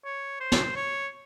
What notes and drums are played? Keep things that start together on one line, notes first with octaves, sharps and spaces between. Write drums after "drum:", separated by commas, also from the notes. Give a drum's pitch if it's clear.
C#5
C5
drum: snare
C#5